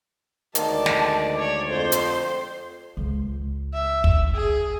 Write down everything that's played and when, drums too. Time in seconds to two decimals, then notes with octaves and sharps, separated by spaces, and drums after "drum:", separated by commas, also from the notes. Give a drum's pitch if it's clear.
0.55 D2 D#3 G#3 D5 A5, drum: hi-hat
0.86 drum: snare
1.38 C#5
1.70 F2 C5
1.92 drum: hi-hat
2.97 C#2
3.74 E5
4.04 drum: kick
4.35 G#4